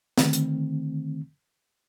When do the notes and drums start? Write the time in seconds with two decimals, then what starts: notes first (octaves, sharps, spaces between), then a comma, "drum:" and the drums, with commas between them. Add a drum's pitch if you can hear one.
0.18 D3 D#3 A3 C4, drum: snare
0.33 drum: hi-hat